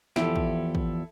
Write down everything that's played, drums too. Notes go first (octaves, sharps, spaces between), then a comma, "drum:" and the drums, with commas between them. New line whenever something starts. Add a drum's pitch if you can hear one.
E2 F3 E4 G4 A4, drum: snare
drum: kick
drum: kick